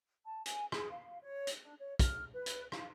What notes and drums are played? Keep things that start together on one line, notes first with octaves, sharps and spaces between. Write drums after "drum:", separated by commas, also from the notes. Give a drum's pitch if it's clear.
A5
G#5, drum: hi-hat
G#4, drum: rim click
F5
C#5
drum: hi-hat
D4
C#5
F6, drum: kick, hi-hat
B4
drum: hi-hat
F5, drum: rim click